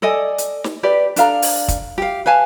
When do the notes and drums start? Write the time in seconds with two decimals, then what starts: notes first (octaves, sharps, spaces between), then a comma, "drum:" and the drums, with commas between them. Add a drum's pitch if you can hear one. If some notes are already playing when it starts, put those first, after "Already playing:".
0.02 A4 D5 D#5 G#5
0.38 drum: hi-hat
0.64 drum: snare
0.83 G4 B4 D5
1.16 D4 A4 F5 A#5, drum: hi-hat
1.42 drum: open hi-hat
1.68 drum: kick, hi-hat
1.98 G4 F5
2.26 B4 F5 G#5 A5